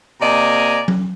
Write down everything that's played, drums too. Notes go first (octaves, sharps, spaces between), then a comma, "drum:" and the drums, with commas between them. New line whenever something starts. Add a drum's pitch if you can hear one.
C3 A#3 D5 D#5 G#5 A#5
drum: tom F#3